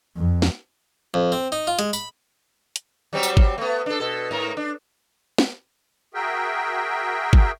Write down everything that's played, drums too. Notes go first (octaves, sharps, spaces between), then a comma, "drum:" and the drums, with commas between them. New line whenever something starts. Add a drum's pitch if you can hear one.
F2
drum: snare
F2
C4
D#4
F4
G#3, drum: hi-hat
B5, drum: tambourine
drum: hi-hat
F#3 G3 C4
drum: tambourine
drum: kick
A3 B3
D4 A4
B2 A4
G#2 A#4
D4
drum: snare
F#4 G#4 A#4 E5 G5
drum: kick